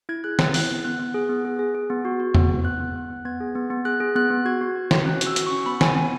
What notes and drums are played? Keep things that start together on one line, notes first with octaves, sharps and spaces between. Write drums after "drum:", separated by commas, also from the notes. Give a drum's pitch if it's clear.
E4 G#6
G#4 F#6
B3, drum: snare
E4 F#6, drum: open hi-hat
B3
B3 F#6
B3
G#4
B3
G#4
G#4
G#4
B3
F#4
F#4
B3, drum: tom E2
B3
B3 F#6
B3
B3
B3
B3 G#6
G#4
B3
B3
G#4 F#6
G#4
B3 F#6
B3
F#4 G#6
F#4
F#4
F#4, drum: snare
C#4 F#6
F#4, drum: hi-hat
E6
F#4, drum: hi-hat
C#4 C#6
B3 B5
B3 G#5, drum: snare
B3 G#5